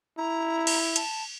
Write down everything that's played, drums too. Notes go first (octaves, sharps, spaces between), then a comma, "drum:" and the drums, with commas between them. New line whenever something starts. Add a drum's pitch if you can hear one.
E4 A#5
drum: cymbal
A5, drum: hi-hat